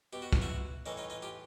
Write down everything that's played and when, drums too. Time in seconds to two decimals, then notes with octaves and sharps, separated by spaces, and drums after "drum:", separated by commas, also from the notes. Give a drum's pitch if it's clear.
0.13 B2 G4
0.22 F#4
0.33 F4, drum: kick
0.42 E4 F#4
0.86 A2 E3 C#4 D#4
0.97 D#4 F4
1.10 D#4 F4
1.22 F4 G4